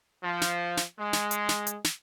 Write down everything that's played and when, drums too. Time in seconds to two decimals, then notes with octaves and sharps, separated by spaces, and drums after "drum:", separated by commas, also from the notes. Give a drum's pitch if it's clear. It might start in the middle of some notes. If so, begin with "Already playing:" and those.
0.24 F3
0.42 drum: snare
0.77 drum: snare
0.98 G#3
1.13 drum: snare
1.31 drum: hi-hat
1.49 drum: snare
1.67 drum: hi-hat
1.84 drum: snare